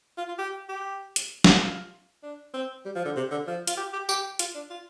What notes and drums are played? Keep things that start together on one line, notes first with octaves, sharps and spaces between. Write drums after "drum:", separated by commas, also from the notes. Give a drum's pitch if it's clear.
F4
F4
G4
G4
drum: hi-hat
drum: snare
F4
D4
C4
G3
F3
D3
C3
D3
F3
F4, drum: hi-hat
G4
G4
G4, drum: tambourine
F4, drum: hi-hat
D4
F4